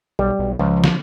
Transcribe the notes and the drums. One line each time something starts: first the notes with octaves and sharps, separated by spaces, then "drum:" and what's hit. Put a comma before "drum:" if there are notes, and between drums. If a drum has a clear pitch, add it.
B1 G3
B1
C#2 F3
drum: snare